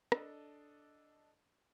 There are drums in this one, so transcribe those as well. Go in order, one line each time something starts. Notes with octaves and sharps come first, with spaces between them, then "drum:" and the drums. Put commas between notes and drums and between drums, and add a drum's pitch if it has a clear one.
D4 A4 D#5, drum: rim click